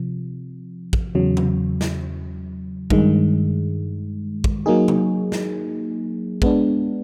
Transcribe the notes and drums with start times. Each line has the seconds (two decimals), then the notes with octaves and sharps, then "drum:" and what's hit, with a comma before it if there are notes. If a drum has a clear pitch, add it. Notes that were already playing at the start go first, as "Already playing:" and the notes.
Already playing: C3 F3
0.93 drum: kick
1.15 E2 C#3 F#3
1.37 drum: tom C3
1.81 drum: snare
2.90 G2 D#3 G#3, drum: kick
4.44 drum: kick
4.66 F#3 A#3 D#4 G#4
4.88 drum: tom C3
5.32 drum: snare
6.42 G#3 B3 D4, drum: kick